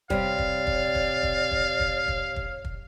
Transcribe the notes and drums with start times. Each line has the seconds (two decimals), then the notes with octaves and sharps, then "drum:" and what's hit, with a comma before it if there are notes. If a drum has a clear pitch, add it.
0.10 C3 G3 C#5 D5 F5, drum: kick
0.38 drum: kick
0.67 drum: kick
0.95 drum: kick
1.23 drum: kick
1.51 drum: kick
1.80 drum: kick
2.08 drum: kick
2.36 drum: kick
2.64 drum: kick